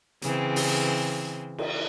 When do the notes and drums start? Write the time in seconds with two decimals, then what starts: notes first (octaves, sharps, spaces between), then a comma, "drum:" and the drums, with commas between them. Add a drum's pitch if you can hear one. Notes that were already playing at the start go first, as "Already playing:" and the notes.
0.22 C#3 E3 C4, drum: hi-hat
0.56 drum: open hi-hat
1.58 drum: cymbal